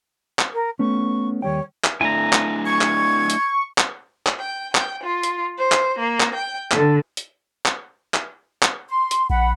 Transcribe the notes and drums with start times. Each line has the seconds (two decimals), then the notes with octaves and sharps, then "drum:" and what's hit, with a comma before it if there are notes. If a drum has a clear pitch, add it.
0.39 drum: clap
0.53 A#4
0.79 A3 B3 C#4 C#6
1.42 D#2 G3 C#5 G5
1.84 drum: clap
2.01 A3 D4 E4 G#5 A#5
2.33 drum: clap
2.66 C#6 G#6
2.81 drum: clap
3.30 drum: hi-hat
3.78 drum: clap
4.27 drum: clap
4.40 G5
4.75 G5, drum: clap
5.05 F4
5.23 drum: hi-hat
5.57 C5
5.72 drum: clap
6.00 A#3
6.20 drum: clap
6.34 G5
6.71 D3, drum: clap
7.17 drum: hi-hat
7.66 drum: clap
8.14 drum: clap
8.63 drum: clap
8.89 C6
9.11 drum: hi-hat
9.30 A#1 F#5 B5